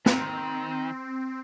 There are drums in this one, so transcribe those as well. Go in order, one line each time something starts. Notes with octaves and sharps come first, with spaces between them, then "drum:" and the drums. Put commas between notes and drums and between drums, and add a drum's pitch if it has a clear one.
D#3 C4, drum: snare